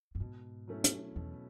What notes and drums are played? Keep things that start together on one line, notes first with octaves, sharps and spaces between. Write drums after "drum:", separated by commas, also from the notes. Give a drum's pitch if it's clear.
F#2
G#2 B2
F#3 A3 C#4 E4
drum: hi-hat
E2 B2